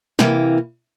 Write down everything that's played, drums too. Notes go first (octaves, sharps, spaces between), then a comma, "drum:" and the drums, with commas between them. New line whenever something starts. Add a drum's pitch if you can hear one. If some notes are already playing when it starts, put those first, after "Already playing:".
C3 E3 A#3, drum: snare